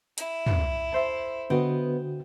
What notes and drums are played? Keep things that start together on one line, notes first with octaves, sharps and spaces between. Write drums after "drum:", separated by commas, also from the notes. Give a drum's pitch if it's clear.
E4, drum: hi-hat
drum: tom
A4 C5 E5
D3 B3 F#4 C5 D#5 G5